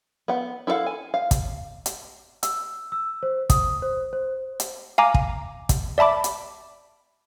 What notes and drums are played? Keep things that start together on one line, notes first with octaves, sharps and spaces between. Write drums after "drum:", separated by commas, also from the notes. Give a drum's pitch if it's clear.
B3 F#5
E4 A4 C5 F5 F#5
G#5
F5
drum: kick, hi-hat
drum: hi-hat
E6, drum: hi-hat
E6
C5
D#6, drum: kick, hi-hat
C5
C5
drum: hi-hat
F5 G#5 A#5 D6
drum: kick
drum: kick, hi-hat
D5 E5 A5 B5 D6
drum: hi-hat